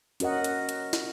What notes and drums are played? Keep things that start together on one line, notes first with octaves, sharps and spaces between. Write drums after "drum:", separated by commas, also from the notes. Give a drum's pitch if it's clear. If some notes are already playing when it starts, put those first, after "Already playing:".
C#4 F#4 A#4 D#5 F#5, drum: hi-hat
drum: hi-hat
drum: hi-hat
drum: snare